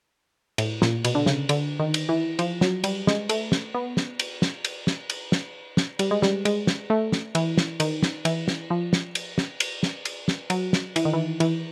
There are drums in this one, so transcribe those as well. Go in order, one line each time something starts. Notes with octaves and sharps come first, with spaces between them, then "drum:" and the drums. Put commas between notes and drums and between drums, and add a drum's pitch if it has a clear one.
A2, drum: cymbal
A#2, drum: snare
B2, drum: cymbal
D3
C#3, drum: snare
D3, drum: cymbal
D#3
drum: cymbal
E3
F3, drum: cymbal
F#3, drum: snare
G3, drum: cymbal
G#3, drum: snare
A3, drum: cymbal
drum: snare
B3
drum: snare
drum: cymbal
drum: snare
drum: cymbal
drum: snare
drum: cymbal
drum: snare
drum: snare
G3, drum: cymbal
G#3
G3, drum: snare
G#3, drum: cymbal
drum: snare
A3
drum: snare
E3, drum: cymbal
drum: snare
D#3, drum: cymbal
drum: snare
E3, drum: cymbal
drum: snare
F3
drum: snare
drum: cymbal
drum: snare
drum: cymbal
drum: snare
drum: cymbal
drum: snare
F#3, drum: cymbal
drum: snare
E3, drum: cymbal
D#3
E3
E3, drum: cymbal